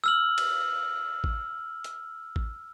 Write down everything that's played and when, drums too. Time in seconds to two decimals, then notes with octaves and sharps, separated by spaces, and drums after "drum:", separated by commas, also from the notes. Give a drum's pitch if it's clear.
0.04 E6 F6 F#7
0.38 drum: cymbal
1.24 drum: kick A1
1.84 drum: hi-hat
2.36 drum: kick A1